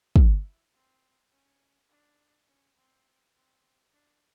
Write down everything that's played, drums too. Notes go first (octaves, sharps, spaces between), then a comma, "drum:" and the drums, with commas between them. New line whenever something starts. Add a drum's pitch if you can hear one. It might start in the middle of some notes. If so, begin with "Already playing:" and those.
E4, drum: kick
C4
C#4
D4
C#4
C4
C4
D4